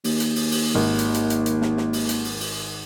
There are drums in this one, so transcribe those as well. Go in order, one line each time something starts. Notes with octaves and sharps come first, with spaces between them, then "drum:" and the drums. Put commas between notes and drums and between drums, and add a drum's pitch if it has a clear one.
D#2, drum: open hi-hat
drum: hi-hat
drum: open hi-hat
drum: open hi-hat
G#1
drum: hi-hat
drum: hi-hat
drum: hi-hat
drum: hi-hat
drum: snare
drum: snare
drum: open hi-hat
drum: hi-hat
drum: open hi-hat
drum: open hi-hat